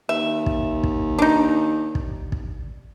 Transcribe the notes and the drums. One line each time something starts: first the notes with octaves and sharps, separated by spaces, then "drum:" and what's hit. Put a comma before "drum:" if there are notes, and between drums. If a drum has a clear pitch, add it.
D#2 E5
drum: kick
drum: kick
D4 D#4
drum: kick
drum: kick